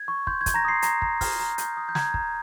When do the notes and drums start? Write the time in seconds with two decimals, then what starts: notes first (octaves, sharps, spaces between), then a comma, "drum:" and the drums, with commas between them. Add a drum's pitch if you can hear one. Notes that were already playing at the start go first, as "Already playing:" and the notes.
Already playing: G#6
0.08 C#6
0.27 C6 G6, drum: kick
0.41 G#6
0.46 G6, drum: kick, hi-hat
0.54 A#5 A#6
0.65 C6 D#6 C7
0.82 A#5 A#6, drum: hi-hat
1.02 A#5, drum: kick
1.21 F6, drum: kick, open hi-hat
1.40 A#5
1.58 G6, drum: hi-hat
1.77 D#6
1.89 G6
1.95 A#5 G#6, drum: snare
2.14 A#5, drum: kick